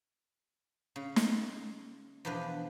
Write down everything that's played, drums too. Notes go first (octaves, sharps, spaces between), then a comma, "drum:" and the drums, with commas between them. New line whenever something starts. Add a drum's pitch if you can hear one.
C#3
drum: snare
E2 B2 F3 D4 B4